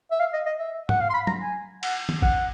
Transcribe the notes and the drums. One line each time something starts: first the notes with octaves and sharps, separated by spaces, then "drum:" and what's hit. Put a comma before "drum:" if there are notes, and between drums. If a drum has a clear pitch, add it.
E5
F5
D#5
D#5
E5
F#5, drum: tom G#2
F5
C6
B5
A#5, drum: tom
G#5
F#5, drum: cymbal
drum: tom D#3
F#5, drum: kick G#1